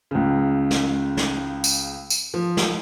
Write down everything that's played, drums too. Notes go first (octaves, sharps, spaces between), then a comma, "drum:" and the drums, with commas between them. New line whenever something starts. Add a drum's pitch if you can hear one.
C#2 C#3
drum: snare
drum: snare
drum: tambourine
drum: tambourine
F3
drum: snare